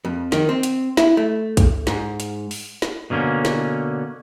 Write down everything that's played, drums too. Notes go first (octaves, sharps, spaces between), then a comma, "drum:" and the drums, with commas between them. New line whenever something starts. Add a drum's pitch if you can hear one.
F2
D#3, drum: snare
C4
drum: hi-hat
E4, drum: snare
A3
drum: kick, hi-hat
G#2, drum: snare
drum: hi-hat
drum: open hi-hat
drum: snare
B2 D3 A#3 C#4
drum: snare